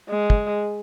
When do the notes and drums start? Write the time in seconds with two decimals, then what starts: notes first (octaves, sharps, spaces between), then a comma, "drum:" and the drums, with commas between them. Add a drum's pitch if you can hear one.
0.10 G#3
0.30 drum: kick